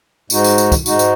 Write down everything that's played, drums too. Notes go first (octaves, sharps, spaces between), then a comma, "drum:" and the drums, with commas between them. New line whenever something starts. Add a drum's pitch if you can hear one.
G#2 G#3 D#4 F#4, drum: tambourine
drum: tambourine
drum: tambourine
drum: kick, tambourine
G#2 G#3 D#4 F#4, drum: tambourine
drum: tambourine